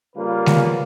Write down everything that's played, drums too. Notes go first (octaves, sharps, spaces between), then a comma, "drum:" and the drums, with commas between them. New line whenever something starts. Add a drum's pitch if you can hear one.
C#3 G3 A#3 F4 B4
drum: snare